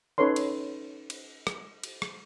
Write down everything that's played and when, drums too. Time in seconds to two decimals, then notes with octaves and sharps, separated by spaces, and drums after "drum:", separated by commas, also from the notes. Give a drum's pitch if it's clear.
0.18 C#4 D#4 A4 B4 C#5 C6
0.36 drum: cymbal
1.10 drum: cymbal
1.47 drum: rim click
1.84 drum: cymbal
2.02 drum: rim click